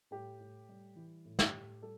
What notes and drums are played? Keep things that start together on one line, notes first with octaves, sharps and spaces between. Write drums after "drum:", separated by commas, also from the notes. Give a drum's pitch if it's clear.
A2 G4
A2
G3
E3
A2
G4, drum: snare
A2
G3 A4